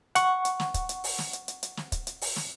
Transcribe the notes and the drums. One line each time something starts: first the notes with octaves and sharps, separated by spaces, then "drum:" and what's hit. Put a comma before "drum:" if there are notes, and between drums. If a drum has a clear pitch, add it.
F#5 C#6, drum: hi-hat
drum: hi-hat
drum: snare
drum: kick, hi-hat
drum: hi-hat
drum: open hi-hat
drum: snare
drum: hi-hat
drum: hi-hat
drum: hi-hat
drum: snare
drum: kick, hi-hat
drum: hi-hat
drum: open hi-hat
drum: snare